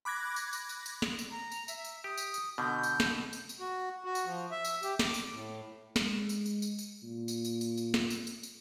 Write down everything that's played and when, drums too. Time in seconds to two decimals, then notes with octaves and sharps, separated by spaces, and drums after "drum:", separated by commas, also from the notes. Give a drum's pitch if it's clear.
0.05 B5 D6 F#6 G#6 A#6
0.36 drum: tambourine
0.53 drum: tambourine
0.69 drum: tambourine
0.86 drum: tambourine
1.02 drum: snare
1.19 drum: tambourine
1.31 A#5
1.52 drum: tambourine
1.68 E5, drum: tambourine
1.85 drum: tambourine
2.04 G4 D#6
2.17 drum: tambourine
2.34 drum: tambourine
2.58 B2 D3 G6
2.83 drum: tambourine
3.00 drum: snare
3.33 drum: tambourine
3.49 drum: tambourine
3.60 F#4
4.04 F#4
4.15 drum: tambourine
4.26 F3
4.51 E5
4.65 drum: tambourine
4.83 G4, drum: tambourine
4.99 D6, drum: snare
5.14 drum: tambourine
5.32 A2
5.96 G#3, drum: snare
6.29 drum: tambourine
6.46 drum: tambourine
6.62 drum: tambourine
6.79 drum: tambourine
7.03 A#2
7.28 drum: tambourine
7.45 drum: tambourine
7.61 drum: tambourine
7.77 drum: tambourine
7.94 drum: snare
8.10 drum: tambourine
8.27 drum: tambourine
8.43 drum: tambourine